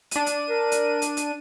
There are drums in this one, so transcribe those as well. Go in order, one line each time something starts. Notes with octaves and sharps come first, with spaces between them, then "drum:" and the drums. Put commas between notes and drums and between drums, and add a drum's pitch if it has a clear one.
D4 D#7, drum: hi-hat
drum: hi-hat
A#4
drum: hi-hat
drum: hi-hat
drum: hi-hat